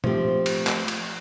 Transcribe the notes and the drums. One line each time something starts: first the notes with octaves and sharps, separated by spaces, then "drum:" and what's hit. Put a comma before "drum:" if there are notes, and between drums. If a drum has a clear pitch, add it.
F3 A3 C4 G4, drum: tom A#2
drum: cymbal
drum: clap
drum: cymbal